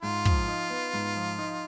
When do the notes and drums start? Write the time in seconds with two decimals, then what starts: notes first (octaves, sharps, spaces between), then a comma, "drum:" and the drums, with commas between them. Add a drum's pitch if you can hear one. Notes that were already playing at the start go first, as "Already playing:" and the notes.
0.02 G#2 F4
0.25 F3, drum: kick
0.48 D#4
0.70 B3
0.93 G#2
1.15 F3
1.39 D#4